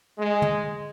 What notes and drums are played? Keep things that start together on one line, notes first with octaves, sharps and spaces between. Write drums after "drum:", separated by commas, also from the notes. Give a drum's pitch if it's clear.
G#3
drum: tom D3